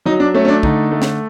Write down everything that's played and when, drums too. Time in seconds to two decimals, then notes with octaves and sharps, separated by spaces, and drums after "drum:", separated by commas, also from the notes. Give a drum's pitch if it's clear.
0.06 F#3 D#4
0.20 D4
0.34 A3 C#4
0.45 C#4
0.48 D4
0.63 D3 D#4, drum: kick
0.91 A3
1.02 drum: snare